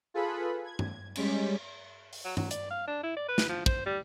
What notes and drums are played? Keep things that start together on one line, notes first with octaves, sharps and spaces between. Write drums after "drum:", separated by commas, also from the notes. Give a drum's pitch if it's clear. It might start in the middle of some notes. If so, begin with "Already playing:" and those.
F4 G#4 A4 B4 B5
G#6
drum: tom G2
G3 G#3 C#4 B6, drum: cymbal
drum: open hi-hat
F#3
F#3, drum: tom G2
D5, drum: hi-hat
F5
D4
E4
D5
B4
drum: snare
F3
C5, drum: kick
G3